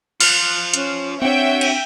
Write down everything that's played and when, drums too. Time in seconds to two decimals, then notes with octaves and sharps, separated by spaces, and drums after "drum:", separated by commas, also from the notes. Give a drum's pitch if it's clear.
0.20 F4 C5 F6 F#6, drum: cymbal
0.74 C#4, drum: hi-hat
1.22 C4 D4 F#4 C#5 E5 G5
1.61 drum: cymbal